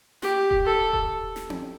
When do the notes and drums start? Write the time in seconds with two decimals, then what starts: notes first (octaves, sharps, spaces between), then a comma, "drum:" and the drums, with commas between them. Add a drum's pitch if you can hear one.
0.22 G4, drum: snare
0.51 drum: kick D#1
0.65 A4
0.93 drum: kick D#1
1.36 drum: snare
1.50 drum: tom C4